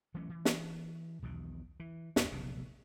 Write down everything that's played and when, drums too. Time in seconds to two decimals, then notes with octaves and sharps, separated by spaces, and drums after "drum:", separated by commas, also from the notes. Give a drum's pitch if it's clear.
0.14 E3 F#3 A3 C#4
0.29 E3
0.45 drum: snare
1.22 B1 E2 B2 D#3
1.80 E3
2.16 D#2 G#2, drum: snare
2.32 F1 B1 E2 A#2